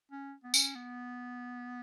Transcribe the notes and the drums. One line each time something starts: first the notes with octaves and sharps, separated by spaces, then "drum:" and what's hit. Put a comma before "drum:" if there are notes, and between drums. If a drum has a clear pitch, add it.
C#4
B3
C#4, drum: tambourine
B3